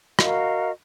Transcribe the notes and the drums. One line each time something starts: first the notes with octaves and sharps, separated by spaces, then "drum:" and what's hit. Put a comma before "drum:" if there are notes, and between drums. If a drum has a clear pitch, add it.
F#4 A#4 D#5 F5, drum: rim click